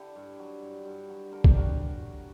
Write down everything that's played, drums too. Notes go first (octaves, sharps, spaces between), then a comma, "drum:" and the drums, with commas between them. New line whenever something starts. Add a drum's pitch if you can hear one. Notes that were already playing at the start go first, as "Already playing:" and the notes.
Already playing: D3 E4 G4
G2
F#3
G2
G2
F#3
D3 A#4
G4, drum: kick
D3 F#4 A#4
F#3
G2